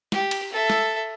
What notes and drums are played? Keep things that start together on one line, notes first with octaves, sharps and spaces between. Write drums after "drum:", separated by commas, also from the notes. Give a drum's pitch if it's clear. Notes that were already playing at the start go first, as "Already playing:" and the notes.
G4, drum: snare
drum: cymbal
A4 E5
drum: snare